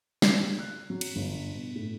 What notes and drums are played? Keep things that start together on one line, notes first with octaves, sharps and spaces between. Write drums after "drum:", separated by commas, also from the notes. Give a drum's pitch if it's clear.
C7, drum: snare
F#6
F#3
drum: cymbal
G1
B2
A2